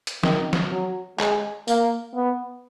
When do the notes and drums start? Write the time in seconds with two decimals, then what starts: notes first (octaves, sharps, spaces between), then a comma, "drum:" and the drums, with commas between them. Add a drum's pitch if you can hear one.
0.07 drum: hi-hat
0.23 D#3, drum: snare
0.53 drum: snare
0.71 F#3
1.19 G#3, drum: clap
1.68 A#3, drum: tambourine
2.15 B3